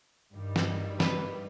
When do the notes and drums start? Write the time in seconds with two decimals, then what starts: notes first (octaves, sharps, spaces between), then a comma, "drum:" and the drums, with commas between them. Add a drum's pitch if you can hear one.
0.34 G2 D#3 G3
0.56 drum: snare
1.00 B4, drum: snare